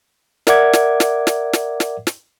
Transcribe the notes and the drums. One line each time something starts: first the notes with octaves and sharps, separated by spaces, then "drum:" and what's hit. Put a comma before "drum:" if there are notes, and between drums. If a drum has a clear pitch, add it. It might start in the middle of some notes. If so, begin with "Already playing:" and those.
A#4 D5 E5 F#5 D6 G#6, drum: snare
drum: snare
drum: snare
drum: snare
drum: snare
drum: snare
drum: snare